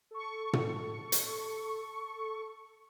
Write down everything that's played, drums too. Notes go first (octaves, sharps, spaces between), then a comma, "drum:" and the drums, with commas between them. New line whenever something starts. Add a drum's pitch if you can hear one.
A4 C#6
drum: tom
drum: hi-hat